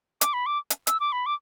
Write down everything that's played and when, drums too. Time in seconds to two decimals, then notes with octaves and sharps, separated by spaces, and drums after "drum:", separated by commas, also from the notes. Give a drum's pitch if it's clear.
0.21 D6, drum: hi-hat
0.33 B5
0.46 D6
0.70 drum: hi-hat
0.87 E6, drum: hi-hat
1.00 D6
1.12 B5
1.26 D6